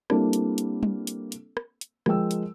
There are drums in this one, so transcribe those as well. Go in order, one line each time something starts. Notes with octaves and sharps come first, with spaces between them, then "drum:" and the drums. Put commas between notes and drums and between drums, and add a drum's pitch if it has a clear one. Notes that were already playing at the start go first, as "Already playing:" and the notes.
G3 A#3 C4 D4 E4 A4, drum: rim click
drum: hi-hat
drum: hi-hat
drum: tom
drum: hi-hat
drum: hi-hat
drum: rim click
drum: hi-hat
F3 G#3 A#4 G5 E6, drum: rim click
drum: hi-hat